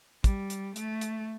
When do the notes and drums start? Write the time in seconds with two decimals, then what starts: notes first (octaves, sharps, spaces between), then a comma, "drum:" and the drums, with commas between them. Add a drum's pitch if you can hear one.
0.24 G3, drum: kick, hi-hat
0.50 drum: hi-hat
0.76 A3, drum: hi-hat
1.01 drum: hi-hat